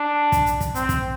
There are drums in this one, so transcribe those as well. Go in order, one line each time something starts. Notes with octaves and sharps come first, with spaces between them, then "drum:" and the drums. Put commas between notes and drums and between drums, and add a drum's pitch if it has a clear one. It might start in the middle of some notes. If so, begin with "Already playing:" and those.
Already playing: D4
drum: kick, hi-hat
drum: hi-hat
drum: kick, hi-hat
C4, drum: hi-hat
drum: kick, hi-hat